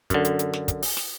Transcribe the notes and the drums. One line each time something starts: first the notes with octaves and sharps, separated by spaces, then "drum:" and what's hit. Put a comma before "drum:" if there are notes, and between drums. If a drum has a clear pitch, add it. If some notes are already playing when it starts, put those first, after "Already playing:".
F#2 D3, drum: kick, hi-hat
drum: hi-hat
drum: hi-hat
drum: snare
drum: kick, hi-hat
drum: open hi-hat
drum: snare